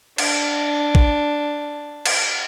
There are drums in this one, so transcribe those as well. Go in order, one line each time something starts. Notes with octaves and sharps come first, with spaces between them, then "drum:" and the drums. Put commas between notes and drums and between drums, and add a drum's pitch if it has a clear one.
D4, drum: cymbal
drum: kick
drum: cymbal